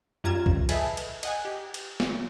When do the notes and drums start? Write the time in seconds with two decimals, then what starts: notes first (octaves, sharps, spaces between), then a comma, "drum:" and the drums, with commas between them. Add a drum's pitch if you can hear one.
0.24 F#2 G3 F4 A#5 G#6 E7
0.46 drum: kick B1
0.69 G#4 A4 B4 D#5 E5, drum: cymbal
0.97 drum: cymbal
1.23 D#5 F#5 G#5, drum: cymbal
1.45 G4
1.74 drum: cymbal
2.00 drum: snare